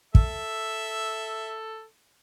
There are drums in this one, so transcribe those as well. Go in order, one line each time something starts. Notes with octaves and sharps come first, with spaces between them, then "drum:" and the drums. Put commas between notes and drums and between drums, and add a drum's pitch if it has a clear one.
A4 E5, drum: kick